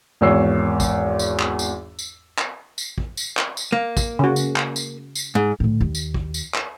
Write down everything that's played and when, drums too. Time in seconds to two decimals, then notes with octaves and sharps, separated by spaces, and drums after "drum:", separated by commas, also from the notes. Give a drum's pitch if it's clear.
0.21 G#1 E2 C#5 E6 C7
0.80 drum: kick, tambourine
1.19 drum: tambourine
1.39 drum: clap
1.59 drum: tambourine
1.99 drum: tambourine
2.38 drum: clap
2.78 drum: tambourine
2.98 drum: kick
3.17 drum: tambourine
3.37 drum: clap
3.57 drum: tambourine
3.72 A#3
3.97 drum: kick, tambourine
4.19 C#3 F#4
4.36 drum: tambourine
4.56 drum: clap
4.76 drum: tambourine
5.15 drum: tambourine
5.35 G#2
5.60 A2 D3
5.81 D#2
5.95 drum: tambourine
6.14 drum: kick
6.34 drum: tambourine
6.54 drum: clap